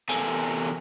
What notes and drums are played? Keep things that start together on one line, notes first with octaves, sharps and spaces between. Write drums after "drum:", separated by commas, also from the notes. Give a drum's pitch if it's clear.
E2 C3 A4 A#4 G#5, drum: hi-hat